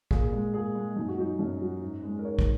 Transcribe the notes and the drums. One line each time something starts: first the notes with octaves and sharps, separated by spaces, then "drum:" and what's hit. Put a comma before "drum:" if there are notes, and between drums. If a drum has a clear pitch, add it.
A#2 G#4, drum: kick
G#3
A#2 G#4
G#3
F#2 D#4
F#4
F#3 D#4
F#2 C#4
F#3
G#2
G#3
A#4
G#2 C#5
drum: kick